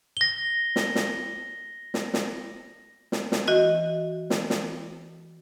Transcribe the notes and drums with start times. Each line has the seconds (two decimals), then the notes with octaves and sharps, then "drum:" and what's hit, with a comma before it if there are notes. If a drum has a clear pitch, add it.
0.17 A#6 G7
0.76 drum: snare
0.95 drum: snare
1.94 drum: snare
2.14 drum: snare
3.12 drum: snare
3.32 drum: snare
3.48 E3 F#4 D#5
4.30 drum: snare
4.50 drum: snare